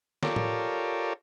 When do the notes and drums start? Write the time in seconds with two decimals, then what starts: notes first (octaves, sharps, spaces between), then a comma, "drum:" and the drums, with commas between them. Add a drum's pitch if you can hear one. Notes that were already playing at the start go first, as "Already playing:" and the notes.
0.23 F4 G4 A4 A#4 C#5 D5, drum: snare
0.36 drum: tom A2